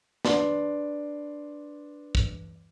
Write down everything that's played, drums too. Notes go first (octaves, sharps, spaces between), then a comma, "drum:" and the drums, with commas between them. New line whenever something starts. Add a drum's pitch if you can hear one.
D4 B4 D5 C6, drum: snare
drum: kick